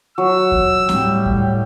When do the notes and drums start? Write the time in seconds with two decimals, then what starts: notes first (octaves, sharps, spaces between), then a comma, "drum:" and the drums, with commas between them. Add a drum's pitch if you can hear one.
0.18 F#3 E6
0.52 drum: kick D#2
0.89 A2 G3, drum: snare C4
1.26 drum: kick D#2